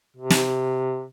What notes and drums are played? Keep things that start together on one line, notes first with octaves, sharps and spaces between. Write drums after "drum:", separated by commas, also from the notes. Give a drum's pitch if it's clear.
C3
drum: snare